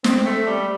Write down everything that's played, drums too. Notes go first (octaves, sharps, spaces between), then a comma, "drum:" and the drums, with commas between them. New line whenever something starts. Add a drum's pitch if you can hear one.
C4, drum: snare
A3
G3